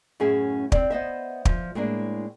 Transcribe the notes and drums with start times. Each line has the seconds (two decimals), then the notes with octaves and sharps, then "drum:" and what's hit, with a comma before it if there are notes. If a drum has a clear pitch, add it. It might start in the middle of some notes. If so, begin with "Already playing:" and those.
0.20 F#2 A2 C#4 G#4 E5
0.72 C4 D5, drum: kick
0.90 B3 C5 D#5 E5
1.45 F3, drum: kick
1.75 A2 G#3 A#3 D4